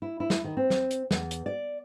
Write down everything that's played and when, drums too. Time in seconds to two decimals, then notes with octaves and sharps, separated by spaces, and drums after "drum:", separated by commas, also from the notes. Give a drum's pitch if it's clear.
0.02 E4
0.20 E4
0.30 drum: snare
0.44 D#3
0.57 C4
0.70 drum: snare
0.91 drum: hi-hat
1.11 E2, drum: snare
1.31 drum: hi-hat
1.46 D5